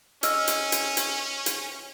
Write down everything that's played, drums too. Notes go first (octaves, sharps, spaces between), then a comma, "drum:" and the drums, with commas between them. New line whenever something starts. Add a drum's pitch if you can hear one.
C#4 D#5 E6 F6, drum: hi-hat
drum: hi-hat
drum: hi-hat
drum: hi-hat
drum: hi-hat